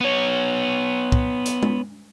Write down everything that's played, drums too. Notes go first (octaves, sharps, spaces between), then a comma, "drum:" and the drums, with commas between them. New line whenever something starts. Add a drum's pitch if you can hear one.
B3 C#5
drum: kick
drum: hi-hat
drum: tom G#3